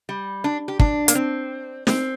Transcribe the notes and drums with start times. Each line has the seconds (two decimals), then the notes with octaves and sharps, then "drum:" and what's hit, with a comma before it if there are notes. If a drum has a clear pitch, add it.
0.09 G3
0.44 D4
0.68 G4
0.80 D4, drum: kick
1.08 A#3, drum: hi-hat
1.15 C4
1.87 C4, drum: snare